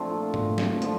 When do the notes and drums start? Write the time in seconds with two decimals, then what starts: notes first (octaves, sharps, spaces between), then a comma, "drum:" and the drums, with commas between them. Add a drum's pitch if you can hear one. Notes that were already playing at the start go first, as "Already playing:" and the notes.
Already playing: A#2 F3 A3 C4 D4
0.10 F4
0.34 drum: tom G#2
0.58 drum: snare
0.82 D3 F3, drum: hi-hat